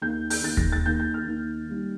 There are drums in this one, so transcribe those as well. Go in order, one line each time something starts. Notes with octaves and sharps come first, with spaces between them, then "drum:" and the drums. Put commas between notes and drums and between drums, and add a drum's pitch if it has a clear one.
D#2 D#3 A#3 G6
G6, drum: open hi-hat
D#2 D#3 A#3 A6
A#6, drum: kick D#2
A6
D#2 D#3 A#3 G6
G6
F6
D#2 D#3 A#3
D#3 G3 A#3